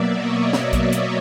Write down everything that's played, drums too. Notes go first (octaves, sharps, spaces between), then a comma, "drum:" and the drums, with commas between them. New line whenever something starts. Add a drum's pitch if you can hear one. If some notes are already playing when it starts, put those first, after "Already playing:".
Already playing: B2 F#3 A#3 D5 E5
C#5 D#5
D5 E5, drum: snare
drum: kick A#1, hi-hat
drum: hi-hat